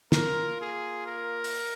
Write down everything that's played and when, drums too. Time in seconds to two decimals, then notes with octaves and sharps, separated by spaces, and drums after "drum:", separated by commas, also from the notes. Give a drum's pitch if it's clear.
0.12 A#3 F4 A#4, drum: snare
0.59 G#4
1.05 A#4
1.44 drum: open hi-hat